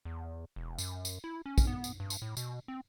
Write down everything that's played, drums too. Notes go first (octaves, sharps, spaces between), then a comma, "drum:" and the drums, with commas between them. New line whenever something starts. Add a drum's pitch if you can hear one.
E2
E1
F#2, drum: tambourine
drum: tambourine
E4
C#4
drum: kick, tambourine
B3
drum: tambourine
G2
drum: tambourine
A2
B2, drum: tambourine
C4